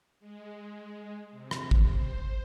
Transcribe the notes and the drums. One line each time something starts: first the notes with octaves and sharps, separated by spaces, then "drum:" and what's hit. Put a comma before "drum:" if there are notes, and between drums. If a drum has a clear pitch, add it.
G#3
C3
drum: rim click
drum: kick
C5